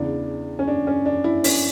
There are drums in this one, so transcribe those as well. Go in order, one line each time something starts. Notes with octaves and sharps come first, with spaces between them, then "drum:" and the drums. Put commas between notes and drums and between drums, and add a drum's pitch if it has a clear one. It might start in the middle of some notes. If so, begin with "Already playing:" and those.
Already playing: E2 C#3 E3 D4
C#4
D4
C#4
D4
E4
C#4, drum: open hi-hat